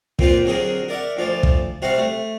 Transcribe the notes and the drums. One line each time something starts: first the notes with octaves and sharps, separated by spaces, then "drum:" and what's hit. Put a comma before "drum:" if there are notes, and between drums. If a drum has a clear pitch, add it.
A#2 A#3 C4 F4 B4 G5, drum: kick
D3 F#3 C4 G#4 A#4
A#4 D5 E5 F#5
D2 F3 F4 D5
drum: kick
C3 G3 C4 F#4 F5 F#5
A3